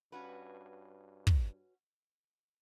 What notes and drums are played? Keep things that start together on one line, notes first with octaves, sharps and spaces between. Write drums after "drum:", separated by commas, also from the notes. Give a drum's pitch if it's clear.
G2 C#4 F#4 B4
drum: kick